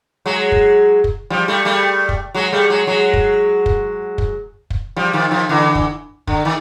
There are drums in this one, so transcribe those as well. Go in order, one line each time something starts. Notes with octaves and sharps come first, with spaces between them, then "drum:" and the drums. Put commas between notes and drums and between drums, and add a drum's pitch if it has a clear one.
F#3 G#3
drum: kick
drum: kick
F3 G3
G3 A3
G3 A3
drum: kick
F#3 G#3
G3 A3
F#3 G#3
F#3 G#3
drum: kick
drum: kick
drum: kick
drum: kick
F3 G3
D#3 F3
D#3 F3
D3 E3
drum: kick
D3, drum: kick
D#3